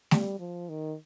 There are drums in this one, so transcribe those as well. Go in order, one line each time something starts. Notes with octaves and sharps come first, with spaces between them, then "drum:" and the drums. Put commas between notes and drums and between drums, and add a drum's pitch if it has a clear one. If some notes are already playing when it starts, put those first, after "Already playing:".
G3, drum: snare
F3
D#3